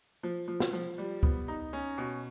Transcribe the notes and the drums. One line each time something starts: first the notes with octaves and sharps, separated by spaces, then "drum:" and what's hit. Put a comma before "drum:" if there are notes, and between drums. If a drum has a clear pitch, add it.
F3
F3
drum: snare
F3
G3
B3, drum: kick C#2
D#4
C#4
B2